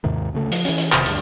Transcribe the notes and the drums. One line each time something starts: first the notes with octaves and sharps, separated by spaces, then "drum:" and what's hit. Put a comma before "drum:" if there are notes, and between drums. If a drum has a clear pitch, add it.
D#2 G#2 C3 D#3
D2 C#3 A3
F3, drum: hi-hat
E3 C#4, drum: hi-hat
drum: hi-hat
F1 C3 D#3, drum: clap
D2 G2, drum: hi-hat